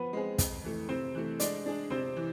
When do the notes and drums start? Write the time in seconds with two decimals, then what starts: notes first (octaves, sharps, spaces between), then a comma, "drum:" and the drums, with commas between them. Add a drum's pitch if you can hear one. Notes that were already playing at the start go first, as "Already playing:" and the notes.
Already playing: F3 B3 B4
0.13 G#3 C4 G#4
0.38 F2, drum: kick, hi-hat
0.64 E3 A3
0.89 C3 C4 C5
1.15 E3 A3
1.40 G#3 D4 D5, drum: hi-hat
1.66 D4 G#4
1.90 C3 C4 C5
2.16 E3